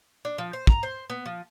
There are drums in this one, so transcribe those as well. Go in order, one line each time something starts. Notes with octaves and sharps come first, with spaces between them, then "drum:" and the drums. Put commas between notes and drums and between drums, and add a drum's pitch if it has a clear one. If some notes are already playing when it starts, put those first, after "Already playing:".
D4
F3
C5
A#5, drum: kick
C5
B3
F3